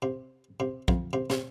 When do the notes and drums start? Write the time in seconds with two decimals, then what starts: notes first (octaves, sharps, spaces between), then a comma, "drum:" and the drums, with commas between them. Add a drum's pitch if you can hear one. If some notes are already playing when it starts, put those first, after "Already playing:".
0.02 C3
0.60 C3
0.88 F2, drum: kick
1.13 C3
1.30 C3, drum: snare